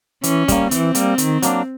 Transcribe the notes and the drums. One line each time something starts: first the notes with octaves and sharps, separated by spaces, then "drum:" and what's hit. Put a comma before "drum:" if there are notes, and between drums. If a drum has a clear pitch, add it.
E3 C#4, drum: hi-hat
G3 A#3, drum: kick, hi-hat
E3 C4, drum: hi-hat
G3 A#3, drum: hi-hat
D#3, drum: hi-hat
F#3 A#3 D4, drum: hi-hat